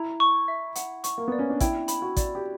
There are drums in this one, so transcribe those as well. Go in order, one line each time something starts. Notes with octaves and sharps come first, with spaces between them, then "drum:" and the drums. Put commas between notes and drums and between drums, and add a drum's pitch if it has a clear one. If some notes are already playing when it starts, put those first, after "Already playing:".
Already playing: E4 A#5
C#6
E5
F#5, drum: hi-hat
C#6, drum: hi-hat
A#3
B3 D5
C#4
D4
E4 G5, drum: kick, hi-hat
B5, drum: hi-hat
F#4
D5, drum: kick, hi-hat
G4